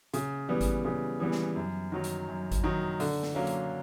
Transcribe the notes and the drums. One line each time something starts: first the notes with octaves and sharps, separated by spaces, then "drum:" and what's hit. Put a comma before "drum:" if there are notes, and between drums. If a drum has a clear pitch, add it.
C#3, drum: hi-hat
E3 G3 B3
drum: kick G#1, hi-hat
C#3
E3 G3 B3
drum: snare
F#2
D#3 F#3
drum: hi-hat
F#2
drum: kick G#1, hi-hat
D#3 F#3
D3, drum: open hi-hat
drum: snare
F#3 A#3 C#4
drum: hi-hat